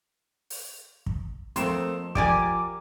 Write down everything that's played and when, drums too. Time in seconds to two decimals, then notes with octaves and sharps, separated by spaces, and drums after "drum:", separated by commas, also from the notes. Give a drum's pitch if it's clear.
0.50 drum: open hi-hat
1.06 drum: kick
1.56 F2 A3 A#3 C4 C6 E7, drum: hi-hat
2.15 F3 G4 A#4 D5 G#5 D6, drum: kick